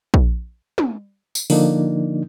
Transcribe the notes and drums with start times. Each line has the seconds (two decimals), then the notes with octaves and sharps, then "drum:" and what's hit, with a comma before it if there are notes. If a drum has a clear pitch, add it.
0.14 drum: kick A#1
0.78 drum: tom
1.35 drum: tambourine
1.50 D3 F3 A#3 D4 D#4, drum: open hi-hat